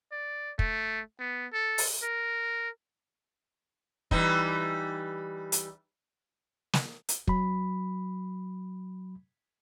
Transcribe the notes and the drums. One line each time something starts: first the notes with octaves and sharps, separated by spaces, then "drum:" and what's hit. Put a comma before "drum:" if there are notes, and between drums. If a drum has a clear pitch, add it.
D5
A3, drum: kick
B3
A4
drum: open hi-hat
A#4
E3 G3 D#4, drum: kick
drum: hi-hat
drum: snare
drum: hi-hat
F#3 B5, drum: kick